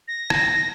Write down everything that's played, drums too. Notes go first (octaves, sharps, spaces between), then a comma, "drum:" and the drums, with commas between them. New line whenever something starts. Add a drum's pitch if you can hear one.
A#6
drum: rim click